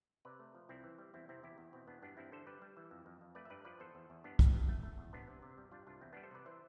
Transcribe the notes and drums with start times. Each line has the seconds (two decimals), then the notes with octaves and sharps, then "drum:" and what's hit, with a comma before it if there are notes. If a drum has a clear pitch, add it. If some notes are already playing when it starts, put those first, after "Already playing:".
0.25 C3 B4 D5
0.40 A3
0.55 F3
0.69 C2 C4 E4
0.84 E3
0.98 G3
1.14 E2 C4 E4
1.29 C3 C4 E4
1.43 E2 E4 G4
1.58 E2
1.73 B2 C4
1.87 E2 B3 D4
2.02 G2 B3 D4
2.17 G2 C4 E4
2.32 D3 A4 C5
2.47 G3 B4 D5
2.62 G3
2.77 E3
2.91 F2
3.06 F2
3.21 F2
3.35 A3 B4 D5
3.45 E5
3.50 G2 B4 D5
3.65 F3 B4 D5
3.80 E2 A4 C5
3.95 E2
4.10 E2
4.24 G2 B3 D4
4.39 G2, drum: kick
4.53 G2
4.68 A3
4.83 A3
4.98 E2
5.13 C3 B3 D4
5.28 C3
5.42 C3
5.58 G3
5.71 G3 D4 F4
5.87 C2 D4 F4
6.01 E2 C4 E4
6.13 G3 B3 D4
6.23 A4 C5
6.31 C3 B4 D5
6.46 E3 C5 E5